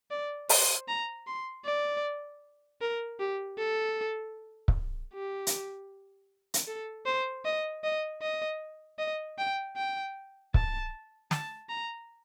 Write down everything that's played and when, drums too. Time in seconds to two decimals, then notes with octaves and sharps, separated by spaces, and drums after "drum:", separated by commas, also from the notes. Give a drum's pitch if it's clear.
0.11 D5
0.49 C5, drum: open hi-hat
0.88 A#5
1.27 C6
1.65 D5
2.81 A#4
3.20 G4
3.58 A4
4.68 drum: kick C#1
5.13 G4
5.47 drum: hi-hat
6.54 drum: hi-hat
6.67 A4
7.05 C5
7.45 D#5
7.84 D#5
8.21 D#5
8.99 D#5
9.38 G5
9.76 G5
10.54 A5, drum: kick C#1
11.31 A5, drum: snare
11.69 A#5